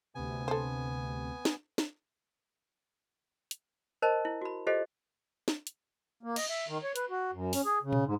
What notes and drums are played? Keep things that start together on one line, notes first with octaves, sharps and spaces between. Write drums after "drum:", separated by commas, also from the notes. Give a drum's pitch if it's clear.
D2 C3 B3 G#5
A4 C5
drum: snare
drum: snare
drum: hi-hat
A#4 C5 D#5 A5
E4
F#4 B5
F4 G4 A4 C5 D#5
drum: snare
drum: hi-hat
A#3
D#5, drum: cymbal
E5
D#3
C#5
B4, drum: hi-hat
F#4
F#2
C#4, drum: open hi-hat
G#4
C#3
drum: tom A#2
G#2